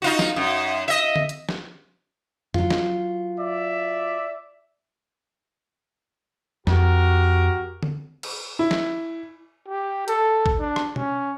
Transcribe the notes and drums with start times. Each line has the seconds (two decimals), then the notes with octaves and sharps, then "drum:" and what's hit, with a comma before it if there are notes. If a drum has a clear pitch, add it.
0.02 D#4 F4 F#4
0.19 drum: snare
0.36 F#2
0.88 D#5 E5
1.16 drum: tom D3
1.29 drum: hi-hat
1.49 drum: snare
2.54 F#3 F4, drum: tom F2
2.70 drum: snare
3.37 D5 E5
6.67 F2 F#4 G4 A#4, drum: snare
7.83 drum: tom D3
8.23 drum: cymbal
8.59 E4
8.71 drum: snare
9.68 G4
10.08 A4, drum: hi-hat
10.46 drum: kick
10.59 D4
10.76 drum: rim click
10.96 C#4, drum: tom B2